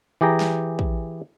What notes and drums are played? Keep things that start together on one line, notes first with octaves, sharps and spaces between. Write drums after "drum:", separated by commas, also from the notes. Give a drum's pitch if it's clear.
E3 G4 G#4 G5 A#5
drum: snare
drum: kick